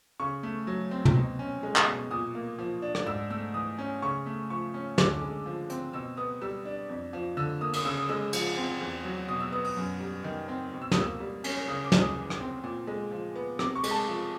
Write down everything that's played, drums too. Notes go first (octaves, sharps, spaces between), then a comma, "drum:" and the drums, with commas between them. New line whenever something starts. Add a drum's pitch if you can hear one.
C#3 C#6
A3
F#3
C4
drum: tom
B2
C#4
G#3
drum: clap
B2
A#2 D#6
A#3
F3
D4
drum: rim click
G#2 E6
A3 E6
E3 D#6
C#4
C#3 C#6
A3
F3 C#6
C#4
D3 D6, drum: snare
G#3
F3
C4, drum: hi-hat
B2 E6
B3 D#6
G3 E6
D4
F2
F3
D3 E6
A#3 D#6
D#6, drum: cymbal
C#3 E6
D#6
G#3 E6
F3, drum: cymbal
C4
E2
F#3
B2 D#6
E6
B3 D#6
D#6, drum: open hi-hat
F#2
G3
D#3
C4
B2
E6
D#6, drum: snare
A#3 E6
G3
C#4, drum: cymbal
C#3 D#6
D6
G#3, drum: snare
D#6
E3
drum: rim click
C4
A#2
G#3
F3
B3
C3 D6, drum: rim click
C#6
G#3, drum: cymbal
A5
F3